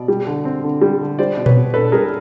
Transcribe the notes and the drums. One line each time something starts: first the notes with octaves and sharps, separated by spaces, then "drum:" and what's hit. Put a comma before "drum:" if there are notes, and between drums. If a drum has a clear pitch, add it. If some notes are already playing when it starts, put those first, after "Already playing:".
Already playing: B2 D5
G3
D3
C4
D3
G3
D3
G3 C5 D5
B2
B4 C#5, drum: tom A#2
B3
D4 A4 B4
G3 G#4 A#4